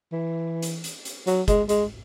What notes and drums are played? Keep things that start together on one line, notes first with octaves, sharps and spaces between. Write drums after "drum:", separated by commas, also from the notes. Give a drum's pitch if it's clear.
E3
drum: hi-hat
drum: hi-hat
drum: hi-hat
F#3, drum: hi-hat
G#3, drum: kick, hi-hat
G#3, drum: hi-hat